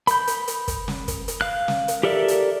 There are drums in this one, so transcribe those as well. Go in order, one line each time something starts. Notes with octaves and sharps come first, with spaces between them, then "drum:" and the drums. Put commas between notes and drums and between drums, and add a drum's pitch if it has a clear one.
B5 G6, drum: hi-hat
drum: hi-hat
drum: hi-hat
drum: kick, hi-hat
drum: snare
drum: kick, hi-hat
drum: hi-hat
F5 F#6
drum: snare
drum: hi-hat
G4 A4 A#4 D5 E5
drum: hi-hat